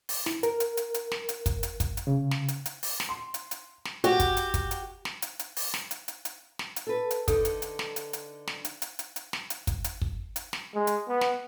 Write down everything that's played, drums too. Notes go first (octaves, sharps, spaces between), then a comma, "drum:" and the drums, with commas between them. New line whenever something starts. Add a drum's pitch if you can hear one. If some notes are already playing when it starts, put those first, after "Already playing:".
drum: open hi-hat
E4, drum: snare
A#4, drum: hi-hat
drum: hi-hat
drum: hi-hat
drum: hi-hat
drum: snare
drum: hi-hat
drum: kick, hi-hat
drum: hi-hat
drum: kick, hi-hat
drum: hi-hat
C#3
drum: snare
drum: hi-hat
drum: hi-hat
drum: open hi-hat
drum: snare
C6
drum: hi-hat
drum: hi-hat
drum: snare
F#4 G4, drum: hi-hat
drum: kick, hi-hat
drum: hi-hat
drum: kick, hi-hat
drum: hi-hat
drum: snare
drum: hi-hat
drum: hi-hat
drum: open hi-hat
drum: snare
drum: hi-hat
drum: hi-hat
drum: hi-hat
drum: snare
drum: hi-hat
A4 B4
drum: hi-hat
D3 D#4 A4, drum: kick, hi-hat
drum: hi-hat
drum: hi-hat
drum: snare
drum: hi-hat
drum: hi-hat
drum: snare
drum: hi-hat
drum: hi-hat
drum: hi-hat
drum: hi-hat
drum: snare
drum: hi-hat
drum: kick, hi-hat
drum: hi-hat
drum: kick
drum: hi-hat
drum: snare
G#3
drum: hi-hat
B3
drum: snare